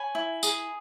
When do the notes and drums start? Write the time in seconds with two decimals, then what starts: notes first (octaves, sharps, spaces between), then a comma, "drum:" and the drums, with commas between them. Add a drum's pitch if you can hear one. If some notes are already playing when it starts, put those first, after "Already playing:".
Already playing: C#5 G#5 B5
0.15 E4
0.43 G#4, drum: tambourine